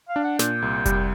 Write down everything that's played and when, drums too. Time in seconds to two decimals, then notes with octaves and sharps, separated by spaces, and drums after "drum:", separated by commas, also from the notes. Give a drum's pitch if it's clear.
0.09 F5
0.16 D4
0.24 F#5
0.39 A#2 G5, drum: snare
0.62 C2
0.86 G3, drum: kick F1, hi-hat